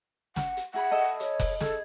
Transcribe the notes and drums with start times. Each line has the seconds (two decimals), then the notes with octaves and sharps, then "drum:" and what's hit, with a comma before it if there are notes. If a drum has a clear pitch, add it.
0.36 F#5, drum: snare
0.57 drum: hi-hat
0.74 E4 G#4 F#5 B5
0.91 A4 D#5 E6
1.20 C#5, drum: hi-hat
1.40 drum: kick F1, open hi-hat
1.60 G#4 A4, drum: snare